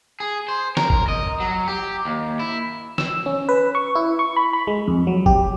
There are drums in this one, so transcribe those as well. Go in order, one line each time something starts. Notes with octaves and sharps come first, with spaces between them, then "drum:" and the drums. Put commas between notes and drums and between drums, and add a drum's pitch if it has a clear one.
G#4
C5
A#4, drum: snare
drum: kick F#1
D#5
F#3
G4
D#2
E4
E6, drum: snare
C#4
B4
C#6
E4
C#6
B5
B5
G#3
F2
F#3
G4, drum: kick F#1